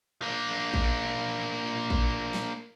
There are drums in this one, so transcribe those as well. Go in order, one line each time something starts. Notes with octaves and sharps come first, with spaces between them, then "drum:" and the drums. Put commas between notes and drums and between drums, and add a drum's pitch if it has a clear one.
A#3 D4
drum: kick A1
drum: kick A1
drum: snare